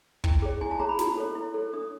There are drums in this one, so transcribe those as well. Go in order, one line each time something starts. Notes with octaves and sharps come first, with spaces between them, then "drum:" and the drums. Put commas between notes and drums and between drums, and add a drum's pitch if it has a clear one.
E4 G5, drum: kick
G#4 C#5
E4 G#5
A5
G#4 C#5 A#5
B5
E4, drum: snare
A4 C#5
E4
A4 C#5
D4 D#6